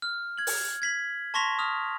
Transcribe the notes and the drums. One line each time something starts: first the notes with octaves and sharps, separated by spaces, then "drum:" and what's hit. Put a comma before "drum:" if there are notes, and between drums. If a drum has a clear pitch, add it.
F6
G#6 F#7
drum: open hi-hat
G#6 B6 F#7
A5 C6 C#6 A#6 B6 F7
D#6 F6 F7